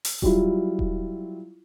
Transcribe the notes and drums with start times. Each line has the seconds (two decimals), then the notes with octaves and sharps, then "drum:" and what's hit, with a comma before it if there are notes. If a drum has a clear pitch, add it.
0.05 drum: open hi-hat
0.22 F#3 G3 E4 F4, drum: kick D#1
0.79 drum: kick D#1